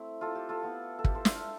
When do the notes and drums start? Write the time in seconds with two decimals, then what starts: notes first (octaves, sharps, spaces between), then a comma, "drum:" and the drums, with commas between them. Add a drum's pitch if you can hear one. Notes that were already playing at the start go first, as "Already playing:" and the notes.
Already playing: A3 C4 E4
0.21 F4 A4
0.35 G4
0.49 F4 A4
0.63 B3 E4 F4
0.99 A4
1.04 G4, drum: kick
1.15 A4 C5
1.25 C5 E5, drum: snare
1.35 F5